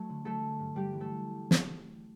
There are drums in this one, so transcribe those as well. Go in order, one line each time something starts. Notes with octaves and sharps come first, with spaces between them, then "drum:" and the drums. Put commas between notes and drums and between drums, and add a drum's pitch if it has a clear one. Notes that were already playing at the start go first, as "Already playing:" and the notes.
Already playing: F#3 A3
D3
F#3 A3 A4
F#3
G2
G2 G3 G4
E3
A3 A4
drum: snare